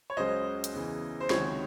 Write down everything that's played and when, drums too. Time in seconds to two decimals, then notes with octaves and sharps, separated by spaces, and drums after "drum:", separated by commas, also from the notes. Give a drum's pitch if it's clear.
0.10 C#5
0.17 C#2 C#3 F#3 C5 D#5
0.64 drum: hi-hat
0.73 E2 C#3 E3
1.20 C5
1.30 C#2 C3 D#3 F#3 C#5, drum: snare